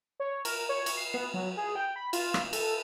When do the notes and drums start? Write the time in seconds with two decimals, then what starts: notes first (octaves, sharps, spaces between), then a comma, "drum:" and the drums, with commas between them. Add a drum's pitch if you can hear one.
0.20 C#5
0.45 A#4, drum: cymbal
0.69 C#5
0.86 drum: cymbal
0.97 C7
1.14 B3
1.34 F#3
1.57 G#4
1.75 G5
1.96 B5
2.13 F4, drum: cymbal
2.34 drum: rim click
2.53 A4, drum: cymbal